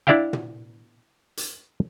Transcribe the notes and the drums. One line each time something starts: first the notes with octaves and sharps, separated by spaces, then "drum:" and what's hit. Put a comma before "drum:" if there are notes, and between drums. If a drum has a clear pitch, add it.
D4 E4 D5 E5 F5 G5
drum: tom
drum: hi-hat